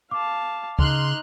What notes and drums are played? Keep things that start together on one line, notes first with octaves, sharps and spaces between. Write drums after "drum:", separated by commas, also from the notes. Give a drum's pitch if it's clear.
F5 A5 D6
C#3 D#4 C6 F6 F#6, drum: kick